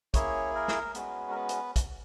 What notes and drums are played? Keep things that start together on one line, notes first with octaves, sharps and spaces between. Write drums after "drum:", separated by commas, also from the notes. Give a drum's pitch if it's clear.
A#3 C#4 E4 G#4 C#5, drum: kick, hi-hat
A#4
drum: snare
G#3 B3 C#4 F#4 B4, drum: hi-hat
A#4
B3 B4
drum: hi-hat
drum: kick, hi-hat